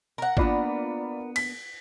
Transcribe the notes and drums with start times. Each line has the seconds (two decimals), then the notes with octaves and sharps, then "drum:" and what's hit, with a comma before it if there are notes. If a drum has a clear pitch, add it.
0.18 A#4 F#5
0.37 A#3 B3 D4 F4 D5 B5, drum: kick
1.36 B6, drum: cymbal